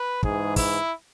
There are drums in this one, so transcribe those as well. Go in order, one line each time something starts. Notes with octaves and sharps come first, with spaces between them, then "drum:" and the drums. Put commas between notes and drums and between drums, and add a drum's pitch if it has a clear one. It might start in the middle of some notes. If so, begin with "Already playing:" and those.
Already playing: B4
G#2 E3 G#4, drum: kick
E4, drum: kick, open hi-hat